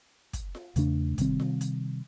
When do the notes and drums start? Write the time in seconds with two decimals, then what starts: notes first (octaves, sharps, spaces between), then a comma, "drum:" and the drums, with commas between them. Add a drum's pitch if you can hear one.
0.33 drum: kick, hi-hat
0.55 drum: snare F4
0.76 E2 C#3 A3 D4, drum: hi-hat
1.18 C3 D#3 G3 C4, drum: kick, hi-hat
1.40 drum: snare F4
1.61 drum: hi-hat